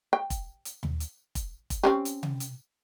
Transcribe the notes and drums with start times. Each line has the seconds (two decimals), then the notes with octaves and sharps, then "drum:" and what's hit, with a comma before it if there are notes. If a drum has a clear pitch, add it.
0.13 G5
0.30 drum: kick, hi-hat
0.65 drum: hi-hat
0.83 drum: tom D#2
1.00 drum: hi-hat
1.35 drum: kick, hi-hat
1.70 drum: kick, hi-hat
1.83 C4 C#4 G4
2.05 drum: hi-hat
2.23 drum: tom C3
2.40 drum: hi-hat